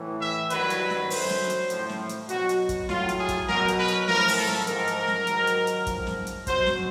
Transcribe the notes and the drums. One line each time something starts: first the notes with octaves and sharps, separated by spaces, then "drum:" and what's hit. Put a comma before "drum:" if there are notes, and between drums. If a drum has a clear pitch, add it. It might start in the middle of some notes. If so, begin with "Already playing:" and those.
Already playing: A2 E3
E5
G2 D#3 F#3 B4, drum: hi-hat
drum: hi-hat
drum: snare
F#2 D3 F#3 C5, drum: open hi-hat
drum: snare
drum: hi-hat
A2 F3, drum: hi-hat
drum: snare
drum: hi-hat
B2 F#3 F#4, drum: hi-hat
drum: hi-hat
drum: kick, hi-hat
A2 F#3 F4, drum: snare
drum: hi-hat
G#4
drum: kick, hi-hat
B2 F#3 A#4, drum: snare
drum: hi-hat
B4
drum: hi-hat
A2 F3 A#4, drum: snare
drum: open hi-hat
A4
drum: snare
G#2 F3 A#4, drum: hi-hat
drum: hi-hat
drum: snare
G#2 D#3 F#3, drum: hi-hat
drum: hi-hat
drum: hi-hat
G#2 F3, drum: kick, hi-hat
drum: snare
drum: hi-hat
B2 F#3 C5, drum: kick, hi-hat
drum: snare